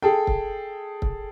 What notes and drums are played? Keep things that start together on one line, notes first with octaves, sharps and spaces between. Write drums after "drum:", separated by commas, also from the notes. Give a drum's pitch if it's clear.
G#4 A4 G5
drum: kick
drum: kick